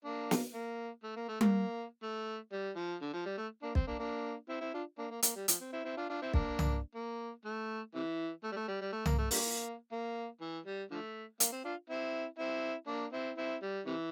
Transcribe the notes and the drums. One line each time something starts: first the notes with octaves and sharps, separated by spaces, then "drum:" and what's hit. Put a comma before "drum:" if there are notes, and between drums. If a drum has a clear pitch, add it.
A#3 D4
drum: snare
A#3
A3
A#3
A3
A#3, drum: tom G3
A3
G3
F3
D3
F3
G3
A3
A#3 D4
C4, drum: kick
A#3 D4
A#3 D4
C4 E4
C4 E4
D4 F4
A#3 D4
A#3
A#3, drum: hi-hat
G3
F3, drum: hi-hat
C4
C4 E4
C4 E4
D4 F4
D4 F4
C4 E4
A#3 D4, drum: kick
drum: tom C2
A#3
A3
C3 E3
A3
G3
A3
G3
G3
A3
A#3, drum: tom C2
A3
D3 G3 A#3, drum: open hi-hat
A#3
E3
G3
D3 F3 A3
A#3, drum: hi-hat
C4
D4 F4
C4 E4
C4 E4
A#3 D4
C4 E4
C4 E4
G3
C3 E3